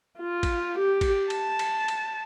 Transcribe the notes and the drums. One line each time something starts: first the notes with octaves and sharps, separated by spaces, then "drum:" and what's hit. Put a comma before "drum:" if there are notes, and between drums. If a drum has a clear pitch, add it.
F4
drum: kick, cymbal
G4
drum: kick, cymbal
A5, drum: cymbal
drum: cymbal
drum: cymbal